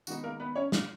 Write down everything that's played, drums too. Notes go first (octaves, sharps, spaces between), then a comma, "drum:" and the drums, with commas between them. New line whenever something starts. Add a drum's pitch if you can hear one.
D#3 G#3 B3 D#4 F#4, drum: tambourine
A#3 A#4
B3 B4
C#4 C#5
F4 F5, drum: snare